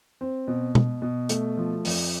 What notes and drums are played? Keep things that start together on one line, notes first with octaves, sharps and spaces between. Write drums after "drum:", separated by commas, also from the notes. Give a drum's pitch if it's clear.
C4
B2
B2, drum: tom B2
B2
A3, drum: hi-hat
F3
F2, drum: open hi-hat